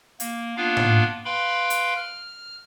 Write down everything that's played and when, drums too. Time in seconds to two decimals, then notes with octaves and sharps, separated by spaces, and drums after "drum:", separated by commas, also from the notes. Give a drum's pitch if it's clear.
0.20 A#3, drum: hi-hat
0.57 A#3 B3 D4 F4 F5
0.77 drum: tom A2
1.25 B4 F5 G5 B5 C6
1.70 drum: hi-hat
1.96 F6